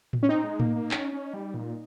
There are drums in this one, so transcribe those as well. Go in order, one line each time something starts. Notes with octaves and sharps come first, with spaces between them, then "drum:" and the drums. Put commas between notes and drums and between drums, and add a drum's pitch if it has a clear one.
drum: tom A2
C#4
C4 D#4
G#3
A#3, drum: tom A2
A#3
C#4, drum: clap
C#4
G3
A#2